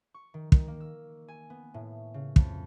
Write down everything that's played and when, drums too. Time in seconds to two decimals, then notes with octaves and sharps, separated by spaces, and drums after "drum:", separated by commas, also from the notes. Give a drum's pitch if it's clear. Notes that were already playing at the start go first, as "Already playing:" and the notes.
0.14 C#6
0.34 D#3
0.52 D#3, drum: kick
0.68 A#3
0.80 E6
1.28 G#5
1.50 B3
1.74 A2
2.14 C#3
2.36 F2, drum: kick